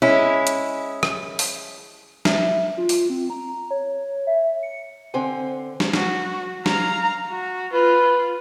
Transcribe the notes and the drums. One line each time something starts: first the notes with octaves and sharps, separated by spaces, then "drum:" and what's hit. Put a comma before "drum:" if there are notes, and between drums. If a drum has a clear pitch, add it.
G#3 C#4 E4
drum: hi-hat
drum: rim click
drum: open hi-hat
E5, drum: snare
F4
drum: open hi-hat
C4
A#5
C#5
E5
C#7
D3 C4 C5 G#5
drum: snare
F#4, drum: snare
F5 A#5, drum: snare
F#4
F4 B4